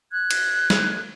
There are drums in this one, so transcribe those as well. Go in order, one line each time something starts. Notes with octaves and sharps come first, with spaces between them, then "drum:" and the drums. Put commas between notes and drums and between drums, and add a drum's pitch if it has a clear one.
F#6 G#6
drum: cymbal
drum: snare